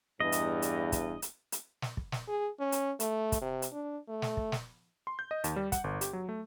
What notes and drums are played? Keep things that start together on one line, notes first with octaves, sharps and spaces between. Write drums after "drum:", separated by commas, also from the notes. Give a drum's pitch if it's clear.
E2 G2 D#5
drum: hi-hat
drum: hi-hat
drum: kick, hi-hat
drum: hi-hat
drum: hi-hat
drum: snare
drum: kick
drum: snare
G#4
C#4
drum: hi-hat
A3, drum: hi-hat
drum: kick, hi-hat
C3
drum: hi-hat
D4
A3
drum: snare
drum: kick
drum: snare
C6
G6
D#5
D#2, drum: hi-hat
G3
F#5, drum: kick, hi-hat
G1
G4, drum: hi-hat
F#3
A3